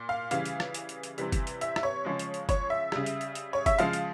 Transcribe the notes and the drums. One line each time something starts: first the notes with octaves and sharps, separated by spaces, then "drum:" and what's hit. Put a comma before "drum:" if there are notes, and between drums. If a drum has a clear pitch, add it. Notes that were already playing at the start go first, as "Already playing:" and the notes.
Already playing: A#2
F5
C#3 E3 G3 F5, drum: hi-hat
drum: hi-hat
drum: rim click
drum: hi-hat
drum: hi-hat
drum: hi-hat
C3 E3 G3, drum: hi-hat
drum: kick, hi-hat
drum: hi-hat
E5, drum: hi-hat
E5, drum: rim click
C#5
C#3 F3 G#3
drum: hi-hat
drum: hi-hat
C#5, drum: kick, hi-hat
E5
C#3 G3, drum: rim click
drum: hi-hat
drum: hi-hat
drum: hi-hat
C#5
E5, drum: kick, hi-hat
C#3 F3 G#3 F5, drum: hi-hat
drum: hi-hat